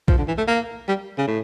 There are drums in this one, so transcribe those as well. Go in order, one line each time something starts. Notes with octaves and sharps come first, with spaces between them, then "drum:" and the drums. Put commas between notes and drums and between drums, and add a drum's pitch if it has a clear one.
F3, drum: kick
D3
E3
A3
A#3
G3
C#3
A2